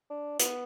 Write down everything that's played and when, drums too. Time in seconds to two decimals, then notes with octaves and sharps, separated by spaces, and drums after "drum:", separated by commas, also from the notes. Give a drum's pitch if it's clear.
0.10 D4
0.39 B3, drum: hi-hat